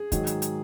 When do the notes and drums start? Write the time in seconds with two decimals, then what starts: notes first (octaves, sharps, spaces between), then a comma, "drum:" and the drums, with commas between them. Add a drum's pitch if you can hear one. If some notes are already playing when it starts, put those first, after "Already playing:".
Already playing: G#4
0.12 G#2 D#3 F#3, drum: kick, hi-hat
0.27 drum: hi-hat
0.42 drum: hi-hat